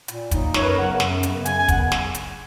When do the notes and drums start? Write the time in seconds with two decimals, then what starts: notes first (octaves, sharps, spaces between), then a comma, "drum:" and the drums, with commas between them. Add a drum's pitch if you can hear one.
0.08 A#2, drum: hi-hat
0.31 F#3 A#3 D#4, drum: kick, hi-hat
0.54 F#2 C#5, drum: snare
0.61 B4
0.66 A#4
0.77 C#3 F#3 B3 F#5
1.00 F#2, drum: snare
1.23 C#3 F#3 B3, drum: hi-hat
1.46 F#2 G#5, drum: hi-hat
1.57 G#5
1.68 C#3 F#3 B3 F#5, drum: kick, hi-hat
1.92 drum: snare
2.15 drum: hi-hat